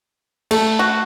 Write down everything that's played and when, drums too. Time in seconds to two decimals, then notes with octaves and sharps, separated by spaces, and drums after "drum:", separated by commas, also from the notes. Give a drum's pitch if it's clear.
0.51 A3, drum: cymbal
0.79 F#4